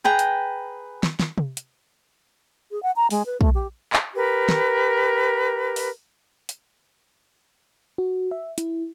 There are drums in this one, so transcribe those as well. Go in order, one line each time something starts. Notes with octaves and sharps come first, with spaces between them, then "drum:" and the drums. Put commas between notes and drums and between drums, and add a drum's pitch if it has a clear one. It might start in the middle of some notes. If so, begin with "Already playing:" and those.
G#4 B4 G5 A#5
drum: hi-hat
drum: snare
drum: snare
drum: tom
drum: hi-hat
G#4
F#5
A#5
G#3, drum: open hi-hat
B4
A3, drum: kick
G4
drum: clap
G4 A#4 B4
drum: snare
drum: open hi-hat
drum: hi-hat
F#4
E5
E4, drum: hi-hat